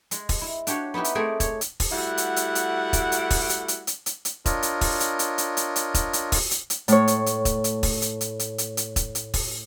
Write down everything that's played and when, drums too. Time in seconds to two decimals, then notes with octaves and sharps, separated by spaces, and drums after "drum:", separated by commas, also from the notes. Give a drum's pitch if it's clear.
0.11 G#3, drum: hi-hat
0.29 drum: kick E1, open hi-hat
0.41 E4
0.67 D4 F#4 G4 C#5, drum: hi-hat
0.94 B3 D#4 E4 G4 B4
1.04 drum: hi-hat
1.15 A3 C4 G4 G#4 A#4 C#5
1.40 C#5, drum: kick E1, hi-hat
1.61 drum: hi-hat
1.80 drum: kick E1, open hi-hat
1.92 G3 A3 E4 F#4 F#5
2.18 drum: hi-hat
2.36 drum: hi-hat
2.55 drum: hi-hat
2.93 drum: kick E1, hi-hat
3.12 drum: hi-hat
3.31 drum: kick E1, open hi-hat
3.49 drum: hi-hat
3.68 drum: hi-hat
3.87 drum: hi-hat
4.06 drum: hi-hat
4.25 drum: hi-hat
4.46 D4 F4 A#4 C#5 D#5, drum: kick E1, hi-hat
4.63 drum: hi-hat
4.81 drum: kick E1, open hi-hat
5.00 drum: hi-hat
5.19 drum: hi-hat
5.38 drum: hi-hat
5.57 drum: hi-hat
5.76 drum: hi-hat
5.94 drum: kick E1, hi-hat
6.13 drum: hi-hat
6.32 drum: kick E1, open hi-hat
6.51 drum: hi-hat
6.70 drum: hi-hat
6.88 A2 C#5, drum: hi-hat
7.08 drum: hi-hat
7.26 drum: hi-hat
7.45 drum: kick E1, hi-hat
7.64 drum: hi-hat
7.83 drum: kick E1, open hi-hat
8.02 drum: hi-hat
8.21 drum: hi-hat
8.39 drum: hi-hat
8.58 drum: hi-hat
8.77 drum: hi-hat
8.96 drum: kick E1, hi-hat
9.15 drum: hi-hat
9.34 drum: kick E1, open hi-hat